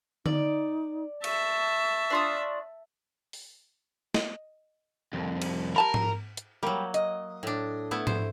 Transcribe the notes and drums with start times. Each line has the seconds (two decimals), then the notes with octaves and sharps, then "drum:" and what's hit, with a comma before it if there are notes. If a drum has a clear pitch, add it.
0.26 D#4 D5, drum: tom D3
1.24 E5 A5 C#6, drum: cymbal
2.10 D4 F4 D#6
3.33 drum: open hi-hat
4.14 D#5, drum: snare
5.13 C2 F2
5.42 drum: cymbal
5.76 G3 A#4 A5 B5
5.94 drum: tom G#2
6.37 drum: hi-hat
6.63 F#3 G3 A#3
6.94 D#5, drum: hi-hat
7.43 A2 D4
7.91 A3 B3 E4
8.07 C5, drum: tom G#2